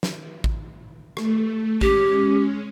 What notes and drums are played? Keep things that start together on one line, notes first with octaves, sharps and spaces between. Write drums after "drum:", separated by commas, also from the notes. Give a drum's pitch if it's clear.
drum: snare
drum: kick A1
A3, drum: rim click
G#3 C#4 G4, drum: kick A1